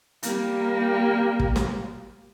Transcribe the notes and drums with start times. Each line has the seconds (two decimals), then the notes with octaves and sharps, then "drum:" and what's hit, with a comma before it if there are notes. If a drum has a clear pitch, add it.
0.23 G3 A#3, drum: hi-hat
1.39 drum: kick
1.56 drum: snare